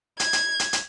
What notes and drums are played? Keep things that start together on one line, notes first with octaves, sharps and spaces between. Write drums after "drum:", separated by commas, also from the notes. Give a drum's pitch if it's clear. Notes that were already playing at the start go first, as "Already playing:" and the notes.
G#6, drum: hi-hat
drum: hi-hat
drum: hi-hat
drum: hi-hat